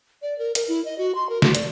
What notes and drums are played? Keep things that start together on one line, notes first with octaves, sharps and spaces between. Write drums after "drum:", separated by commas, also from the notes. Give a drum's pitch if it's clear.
D5
A#4
A#4, drum: hi-hat
E4
D#5
F#4
C6
A#4
F#4, drum: snare
D5, drum: hi-hat